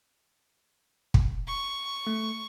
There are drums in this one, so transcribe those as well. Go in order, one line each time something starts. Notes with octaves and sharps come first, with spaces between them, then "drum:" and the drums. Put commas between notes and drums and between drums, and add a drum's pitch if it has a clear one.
drum: kick
C#6
A3